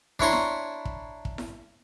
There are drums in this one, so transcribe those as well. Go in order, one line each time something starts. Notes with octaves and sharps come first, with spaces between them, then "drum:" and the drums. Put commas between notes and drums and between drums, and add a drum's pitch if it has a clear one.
D4 E4 C#5 A#5 C6, drum: kick
drum: snare E4
drum: kick
drum: kick
drum: snare E4